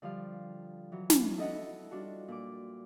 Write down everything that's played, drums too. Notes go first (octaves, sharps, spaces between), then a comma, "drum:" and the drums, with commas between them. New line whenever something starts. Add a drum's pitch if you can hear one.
D3 F3 G3 F5
E3 F#3
drum: snare
E4 A4 D#5 E5 F#5
G3 D4 F4 F#4 A5
A#2 D6